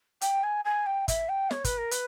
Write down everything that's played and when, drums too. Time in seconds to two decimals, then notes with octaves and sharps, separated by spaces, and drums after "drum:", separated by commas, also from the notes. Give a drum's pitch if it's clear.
0.21 G5, drum: hi-hat
0.43 G#5
0.65 G#5
0.86 G5
1.08 E5, drum: kick, hi-hat
1.29 G5
1.51 C#5, drum: snare
1.64 B4, drum: kick, hi-hat
1.78 A#4
1.91 B4, drum: hi-hat